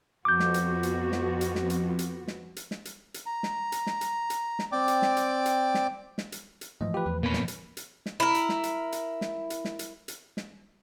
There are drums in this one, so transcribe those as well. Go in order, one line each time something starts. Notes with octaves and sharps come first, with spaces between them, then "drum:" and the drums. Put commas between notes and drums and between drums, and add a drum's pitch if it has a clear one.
F2 F3 B3 F#4 D6 G6
drum: snare
drum: hi-hat
drum: hi-hat
drum: snare
drum: hi-hat
drum: snare
drum: hi-hat
drum: hi-hat
drum: snare
drum: hi-hat
drum: snare
drum: hi-hat
drum: hi-hat
A#5
drum: snare
drum: hi-hat
drum: snare
drum: hi-hat
drum: hi-hat
drum: snare
C4 D5 G5 D6
drum: hi-hat
drum: snare
drum: hi-hat
drum: hi-hat
drum: snare
drum: snare
drum: hi-hat
drum: hi-hat
G#2 E3 F3 A3 D#5
F4 G4 B4
E2 B4
F2 A#2 A#3 B3 C#4 B5
drum: snare
drum: hi-hat
drum: hi-hat
drum: snare
E4 A#4
drum: hi-hat
drum: snare
drum: hi-hat
drum: hi-hat
drum: snare
drum: hi-hat
drum: snare
drum: hi-hat
drum: hi-hat
drum: snare